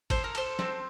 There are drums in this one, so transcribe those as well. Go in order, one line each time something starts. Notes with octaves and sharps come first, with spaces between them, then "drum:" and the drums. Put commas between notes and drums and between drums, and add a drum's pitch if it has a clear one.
A4 C5, drum: kick, cymbal
A#4
A4 C5, drum: cymbal
C4, drum: snare